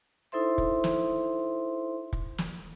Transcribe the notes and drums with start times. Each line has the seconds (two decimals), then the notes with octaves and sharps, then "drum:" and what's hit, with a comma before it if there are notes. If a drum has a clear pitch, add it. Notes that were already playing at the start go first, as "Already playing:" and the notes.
0.32 D#4 E4 A4 C5 E5 C6
0.58 drum: kick
0.84 drum: snare
2.13 drum: kick
2.38 drum: snare